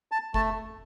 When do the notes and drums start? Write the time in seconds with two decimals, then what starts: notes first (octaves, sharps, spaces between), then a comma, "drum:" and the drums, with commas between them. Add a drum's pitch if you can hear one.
0.12 A5
0.34 A3 A5, drum: kick F#1